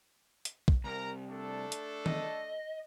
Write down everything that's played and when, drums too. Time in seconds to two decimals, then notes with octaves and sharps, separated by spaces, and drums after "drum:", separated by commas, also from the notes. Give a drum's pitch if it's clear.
0.45 drum: hi-hat
0.68 drum: kick
0.84 C2 A#4 A#5
1.30 A3 D4 A4
1.72 drum: hi-hat
2.06 D#5, drum: tom